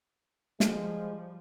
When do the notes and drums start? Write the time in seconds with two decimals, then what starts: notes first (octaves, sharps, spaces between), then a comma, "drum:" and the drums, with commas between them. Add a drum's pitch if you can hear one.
0.60 F3 G3 G#3, drum: snare